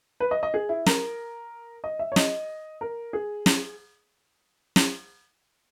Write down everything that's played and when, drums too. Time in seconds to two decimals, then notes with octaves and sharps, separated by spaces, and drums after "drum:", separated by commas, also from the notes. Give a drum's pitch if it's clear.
0.20 B4
0.31 D#5
0.43 D#5
0.54 G#4
0.69 E4
0.86 A#4, drum: snare
1.84 D#5
1.99 E5
2.12 C#5
2.16 D#5, drum: snare
2.81 A#4
3.13 G#4
3.46 drum: snare
4.76 drum: snare